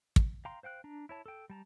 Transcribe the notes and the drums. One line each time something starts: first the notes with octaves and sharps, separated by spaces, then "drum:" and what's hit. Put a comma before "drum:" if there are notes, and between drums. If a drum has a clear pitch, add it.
drum: kick
F5 G5 A#5 C6
C5 F5 G5 F#6
D4 A#5
E4 C#5 A5
A4 G5
G3 A5 A#5